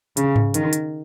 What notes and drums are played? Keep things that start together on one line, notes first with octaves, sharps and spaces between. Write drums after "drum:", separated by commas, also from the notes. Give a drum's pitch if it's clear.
C#3, drum: hi-hat
drum: tom G#2
D#3, drum: hi-hat
drum: hi-hat